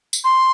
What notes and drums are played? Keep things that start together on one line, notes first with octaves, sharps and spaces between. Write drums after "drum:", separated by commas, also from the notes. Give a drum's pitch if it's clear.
drum: tambourine
C6